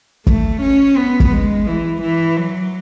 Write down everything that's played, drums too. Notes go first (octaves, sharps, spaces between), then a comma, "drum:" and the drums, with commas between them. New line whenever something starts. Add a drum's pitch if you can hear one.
A3, drum: kick
C#4
B3
drum: kick
G#3
E3
E3
F#3